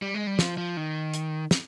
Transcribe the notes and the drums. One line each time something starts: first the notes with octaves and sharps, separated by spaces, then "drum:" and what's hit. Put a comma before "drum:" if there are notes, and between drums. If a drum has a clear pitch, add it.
G3
G#3
G3
F3, drum: snare
F3
D#3
drum: hi-hat
drum: snare